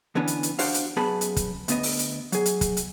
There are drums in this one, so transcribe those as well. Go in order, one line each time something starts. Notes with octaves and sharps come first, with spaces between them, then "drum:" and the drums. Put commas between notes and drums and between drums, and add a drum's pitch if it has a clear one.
D3 E3 B3 C#4 D4
drum: hi-hat
drum: hi-hat
D4 F#4 C5 F5, drum: open hi-hat
drum: hi-hat
F#2 B3 G#4 A5 B5
drum: hi-hat
drum: kick, hi-hat
D2 B3 D#5, drum: hi-hat
drum: open hi-hat
drum: hi-hat
F#3 G#4, drum: hi-hat
drum: hi-hat
drum: kick, hi-hat
drum: hi-hat